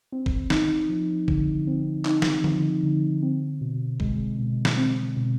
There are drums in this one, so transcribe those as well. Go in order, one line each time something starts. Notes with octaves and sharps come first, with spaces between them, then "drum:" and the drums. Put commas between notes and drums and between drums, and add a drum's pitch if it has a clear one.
C4
drum: kick
D#4, drum: snare
F3
D3, drum: kick
C4
D#4, drum: clap
drum: snare
F3, drum: tom D3
D3
C4
B2
G#3, drum: kick
B2
drum: snare
C4
B2